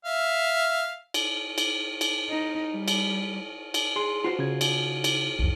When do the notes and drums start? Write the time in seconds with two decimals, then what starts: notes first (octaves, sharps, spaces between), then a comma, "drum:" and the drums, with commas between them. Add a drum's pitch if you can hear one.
0.05 E5 F5
1.14 drum: cymbal
1.58 drum: cymbal
2.01 drum: cymbal
2.30 D#4
2.74 G3
2.88 drum: cymbal
3.74 drum: cymbal
3.96 G#4 C6
4.24 F4 F#4 C5
4.39 C#3 G#6
4.61 drum: cymbal
5.04 drum: cymbal
5.39 C2 F2